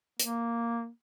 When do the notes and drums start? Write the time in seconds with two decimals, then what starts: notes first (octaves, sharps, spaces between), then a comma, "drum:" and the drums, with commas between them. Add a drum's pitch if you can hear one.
0.20 A#3, drum: hi-hat